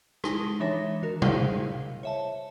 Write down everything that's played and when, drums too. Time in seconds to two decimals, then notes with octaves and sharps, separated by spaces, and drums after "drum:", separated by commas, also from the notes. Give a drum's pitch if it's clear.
0.24 G#3 D#4 E4 G#4 A5 G7, drum: rim click
0.60 E3 G#3 D4 C#5 E5 A#6
1.02 D#3 F#4 A#4
1.22 E4 G#4 C5 F5, drum: tom B2
2.03 C#5 E5 A5